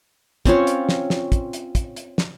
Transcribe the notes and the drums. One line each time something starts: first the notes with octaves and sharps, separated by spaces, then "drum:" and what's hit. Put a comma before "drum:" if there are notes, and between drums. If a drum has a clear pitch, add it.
C4 C#4 F4 C#5, drum: kick, hi-hat
drum: hi-hat
drum: snare
drum: snare
drum: kick, hi-hat
drum: hi-hat
drum: kick, hi-hat
drum: hi-hat
drum: snare